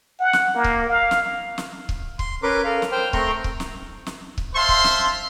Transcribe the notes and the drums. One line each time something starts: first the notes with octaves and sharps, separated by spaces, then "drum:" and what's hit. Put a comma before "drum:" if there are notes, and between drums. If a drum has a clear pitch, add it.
F#5
drum: snare
A#3
drum: kick C#1
F5
drum: snare
drum: snare
drum: kick C#1
C6, drum: kick C#1
C#4 A#4 B4 C6 D6
A4 A#4 F5
drum: snare
C5 G5 F6
A3 C4 G5 A#5 C6 C#6, drum: kick C#1
drum: kick C#1
drum: snare
drum: snare
drum: kick C#1
C5 E5 F5 A5 C6
drum: kick C#1
drum: snare